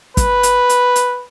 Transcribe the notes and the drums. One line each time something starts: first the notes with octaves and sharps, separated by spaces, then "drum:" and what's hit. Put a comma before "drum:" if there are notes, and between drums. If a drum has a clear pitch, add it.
B4, drum: kick, hi-hat
drum: hi-hat
drum: hi-hat
drum: hi-hat